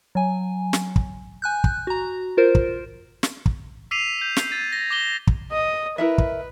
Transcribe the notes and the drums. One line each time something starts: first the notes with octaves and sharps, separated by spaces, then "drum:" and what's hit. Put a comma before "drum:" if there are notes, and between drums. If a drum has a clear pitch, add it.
F#3 G#5
drum: snare
drum: kick
G#5 F#6 G6
drum: kick
F#4 A#5
F4 A#4 C5
drum: kick
drum: snare
drum: kick
D6 E6 B6 C7 D#7 F7
G6 F7
drum: snare
G#6 A6 D#7
A#6
D6 A#6 G7
drum: kick
D#5
E4 A#4 B4 E5
drum: kick